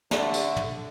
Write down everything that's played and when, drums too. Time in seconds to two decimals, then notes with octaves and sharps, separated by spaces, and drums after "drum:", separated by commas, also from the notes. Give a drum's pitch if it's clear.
0.11 D3 A3 D4, drum: snare
0.34 drum: tambourine
0.56 drum: tom